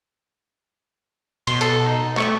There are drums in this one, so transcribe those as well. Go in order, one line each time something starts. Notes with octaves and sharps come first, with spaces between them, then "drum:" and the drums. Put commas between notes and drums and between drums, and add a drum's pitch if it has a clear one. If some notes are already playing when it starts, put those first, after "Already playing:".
B2 C6, drum: cymbal
A4, drum: hi-hat
D#4
A3 C#6, drum: clap